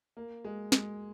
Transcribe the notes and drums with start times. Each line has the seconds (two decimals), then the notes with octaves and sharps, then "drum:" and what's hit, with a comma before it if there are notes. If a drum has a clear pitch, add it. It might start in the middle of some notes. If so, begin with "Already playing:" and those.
0.17 A#3
0.44 G#3
0.72 G#3, drum: snare